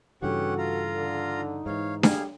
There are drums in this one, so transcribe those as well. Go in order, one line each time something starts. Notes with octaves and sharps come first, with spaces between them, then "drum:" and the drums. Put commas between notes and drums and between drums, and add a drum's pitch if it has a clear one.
G2 C#3 E3 C#4 F#4 G4 A4 F#5
F4 F5 A#5
D3
D#4
G#2 E3 C#5 F5
G3 G#4 F5, drum: snare D4